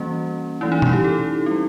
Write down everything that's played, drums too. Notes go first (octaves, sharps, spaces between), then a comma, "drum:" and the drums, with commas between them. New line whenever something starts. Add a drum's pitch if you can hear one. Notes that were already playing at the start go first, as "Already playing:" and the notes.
Already playing: E3 G3 A#3 C#4 F#4
E3 A3 C#4 E4
D#4
E4, drum: tom B2
G4
A4
G3 C4